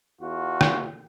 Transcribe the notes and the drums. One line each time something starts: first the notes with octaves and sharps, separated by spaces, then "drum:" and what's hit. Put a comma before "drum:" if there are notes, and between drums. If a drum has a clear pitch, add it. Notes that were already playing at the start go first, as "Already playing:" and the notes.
E2 F4 F#4
drum: rim click